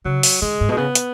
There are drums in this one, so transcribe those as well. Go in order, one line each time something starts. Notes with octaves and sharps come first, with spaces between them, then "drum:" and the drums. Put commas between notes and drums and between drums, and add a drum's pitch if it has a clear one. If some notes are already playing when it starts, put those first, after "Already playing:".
C#3 F#3
drum: open hi-hat
D#3 G#3
G#2
B2 G#3
C#3 B3
drum: hi-hat